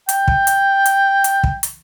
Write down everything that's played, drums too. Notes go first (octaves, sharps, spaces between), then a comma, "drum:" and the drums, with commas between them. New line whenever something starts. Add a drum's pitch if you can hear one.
G5, drum: hi-hat
drum: kick
drum: hi-hat
drum: hi-hat
drum: hi-hat
drum: kick
drum: hi-hat